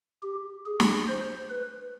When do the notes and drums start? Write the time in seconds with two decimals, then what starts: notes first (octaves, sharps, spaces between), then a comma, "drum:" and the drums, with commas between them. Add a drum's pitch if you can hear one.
0.23 G4
0.66 G#4
0.80 drum: snare
1.08 C5
1.50 B4